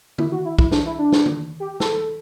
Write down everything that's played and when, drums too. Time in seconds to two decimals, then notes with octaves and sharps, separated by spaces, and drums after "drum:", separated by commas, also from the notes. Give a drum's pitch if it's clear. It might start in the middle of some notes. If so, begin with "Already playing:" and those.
0.18 E4, drum: tom D3
0.32 F#4
0.45 E4
0.59 E4, drum: kick
0.71 D4, drum: snare
0.85 E4
0.99 D4
1.12 drum: snare
1.26 drum: tom D3
1.60 G4
1.74 G4
1.80 A4, drum: snare
1.93 A4